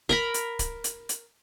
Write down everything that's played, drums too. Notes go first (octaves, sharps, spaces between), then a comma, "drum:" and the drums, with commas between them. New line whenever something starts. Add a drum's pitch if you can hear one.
A#4 A#5 B5, drum: snare
drum: hi-hat
drum: kick C#1, hi-hat
drum: hi-hat
drum: hi-hat